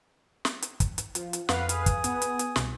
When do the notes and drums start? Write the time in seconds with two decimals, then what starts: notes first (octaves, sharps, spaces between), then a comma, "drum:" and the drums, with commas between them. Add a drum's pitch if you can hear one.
0.45 drum: snare
0.62 drum: hi-hat
0.80 drum: kick, hi-hat
0.98 drum: hi-hat
1.15 F3, drum: hi-hat
1.33 drum: hi-hat
1.49 F2 B4 F5 F#5, drum: snare
1.69 G#4, drum: hi-hat
1.86 drum: kick, hi-hat
2.04 B3, drum: hi-hat
2.22 drum: hi-hat
2.39 drum: hi-hat
2.56 C2 B2, drum: snare